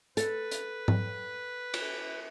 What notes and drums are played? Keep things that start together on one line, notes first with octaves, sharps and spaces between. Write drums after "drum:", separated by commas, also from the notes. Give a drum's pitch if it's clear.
A4 B4, drum: hi-hat
drum: hi-hat
drum: tom G#2
drum: cymbal